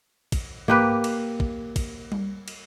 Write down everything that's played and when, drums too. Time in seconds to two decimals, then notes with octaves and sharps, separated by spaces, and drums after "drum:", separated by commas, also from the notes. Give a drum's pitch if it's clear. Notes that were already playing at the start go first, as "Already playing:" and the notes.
0.32 drum: kick, cymbal
0.68 A#3 G4 B4, drum: tom G#2
1.04 drum: cymbal
1.40 drum: kick
1.76 drum: kick, cymbal
2.12 drum: tom G3
2.48 drum: cymbal